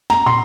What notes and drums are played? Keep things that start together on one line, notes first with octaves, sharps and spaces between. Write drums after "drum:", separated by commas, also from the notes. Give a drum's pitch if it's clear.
A#5, drum: snare
C6, drum: tom